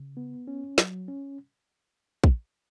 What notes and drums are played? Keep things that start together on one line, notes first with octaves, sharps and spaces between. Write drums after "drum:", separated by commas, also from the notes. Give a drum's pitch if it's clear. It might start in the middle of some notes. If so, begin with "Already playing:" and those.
Already playing: C#3
B3
C#4
F#3, drum: snare
C#4
drum: kick